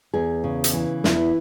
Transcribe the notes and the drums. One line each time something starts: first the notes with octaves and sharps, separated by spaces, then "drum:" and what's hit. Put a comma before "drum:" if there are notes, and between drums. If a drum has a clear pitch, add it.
E2 G#4
C#3
drum: hi-hat
E3
E2 E4, drum: snare